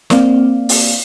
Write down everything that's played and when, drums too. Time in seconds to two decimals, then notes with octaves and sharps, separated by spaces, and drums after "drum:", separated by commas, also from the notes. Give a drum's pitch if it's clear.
0.10 A#3 C4 D5 F5, drum: snare
0.69 drum: open hi-hat